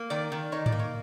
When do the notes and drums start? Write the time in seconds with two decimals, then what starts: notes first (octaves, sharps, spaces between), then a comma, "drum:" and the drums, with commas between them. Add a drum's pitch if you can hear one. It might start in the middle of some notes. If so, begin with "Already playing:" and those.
Already playing: A#3
0.10 D#3 D5
0.32 D#3
0.52 D#4 C#5
0.66 D5, drum: tom G#2
0.72 A#3
0.79 C#5